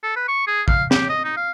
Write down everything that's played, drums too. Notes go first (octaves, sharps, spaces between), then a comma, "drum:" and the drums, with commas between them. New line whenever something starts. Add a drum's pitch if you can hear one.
A4
B4
C#6
G#4
F5, drum: kick
G4, drum: snare
D#5
D#4
F5